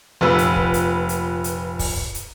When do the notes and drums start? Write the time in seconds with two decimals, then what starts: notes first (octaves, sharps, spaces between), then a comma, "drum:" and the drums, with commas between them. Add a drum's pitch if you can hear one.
0.21 F1 A#2 B4 E6
0.39 drum: hi-hat
0.56 drum: kick
0.74 drum: hi-hat
1.09 drum: hi-hat
1.44 drum: hi-hat
1.79 drum: kick, open hi-hat
1.97 drum: kick
2.15 drum: hi-hat